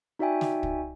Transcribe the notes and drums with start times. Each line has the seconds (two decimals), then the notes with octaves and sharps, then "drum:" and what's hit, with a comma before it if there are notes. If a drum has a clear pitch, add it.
0.19 D#4 F#4 D5 E5 G5 G#5
0.41 drum: snare
0.63 drum: kick